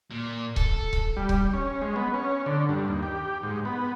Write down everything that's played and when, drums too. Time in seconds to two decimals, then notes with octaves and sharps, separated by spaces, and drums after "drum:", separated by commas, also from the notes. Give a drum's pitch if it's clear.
0.11 A#2
0.56 A4, drum: kick C#1
0.93 drum: kick C#1
1.17 G3
1.29 drum: kick C#1
1.53 C#4
1.82 G#3
1.96 B3
2.14 C#4
2.46 D3
2.69 G2
2.88 D#2
3.03 G4
3.43 G#2
3.65 B3